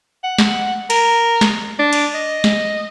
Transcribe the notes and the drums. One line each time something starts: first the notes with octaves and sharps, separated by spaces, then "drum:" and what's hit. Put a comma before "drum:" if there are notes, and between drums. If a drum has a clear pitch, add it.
F#5
drum: snare
A#4, drum: cymbal
drum: snare
D4
drum: cymbal
D#5
drum: snare